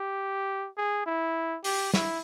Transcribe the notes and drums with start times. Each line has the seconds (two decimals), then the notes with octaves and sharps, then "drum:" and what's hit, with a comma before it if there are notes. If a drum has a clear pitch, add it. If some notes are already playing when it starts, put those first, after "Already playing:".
Already playing: G4
0.77 G#4
1.06 E4
1.64 G4, drum: open hi-hat
1.94 E4, drum: snare